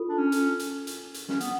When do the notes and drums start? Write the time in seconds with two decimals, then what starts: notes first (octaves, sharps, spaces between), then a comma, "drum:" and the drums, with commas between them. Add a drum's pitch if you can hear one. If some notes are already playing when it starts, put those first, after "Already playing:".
Already playing: F4 A4
0.09 D4
0.18 C#4
0.32 drum: hi-hat
0.59 drum: hi-hat
0.87 drum: hi-hat
1.14 drum: hi-hat
1.28 C#4, drum: snare
1.40 B3, drum: hi-hat